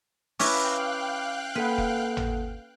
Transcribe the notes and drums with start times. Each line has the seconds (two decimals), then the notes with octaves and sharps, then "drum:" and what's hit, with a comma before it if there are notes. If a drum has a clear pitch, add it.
0.39 C#4 E4 B4 F5 G5 D6 F#6, drum: open hi-hat
1.56 A#3 A4 B4 F#5
1.78 drum: kick
2.17 drum: tom